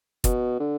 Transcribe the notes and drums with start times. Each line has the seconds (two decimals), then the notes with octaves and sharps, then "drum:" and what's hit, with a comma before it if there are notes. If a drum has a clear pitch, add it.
0.24 B2, drum: kick, hi-hat
0.60 D3